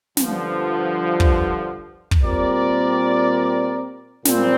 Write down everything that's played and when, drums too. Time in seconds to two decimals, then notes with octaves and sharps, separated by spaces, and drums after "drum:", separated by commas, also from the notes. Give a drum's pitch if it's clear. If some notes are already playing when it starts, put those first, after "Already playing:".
0.17 G2 D3 F3, drum: snare
1.20 drum: kick
2.11 drum: kick
2.21 A#2 G3 C4 A#4 D5
4.25 A#2 G3 C4, drum: snare